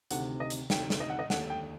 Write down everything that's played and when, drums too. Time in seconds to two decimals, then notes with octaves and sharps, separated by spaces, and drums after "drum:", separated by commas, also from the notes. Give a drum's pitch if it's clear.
0.11 D2 C3 D#3 F#5, drum: hi-hat
0.40 D#5
0.50 drum: hi-hat
0.70 D2 C3 D#3 G5, drum: snare
0.90 drum: snare
1.00 D#5
1.10 F#5
1.19 D#5
1.30 D#2 D3 A3 F#5, drum: snare
1.50 G5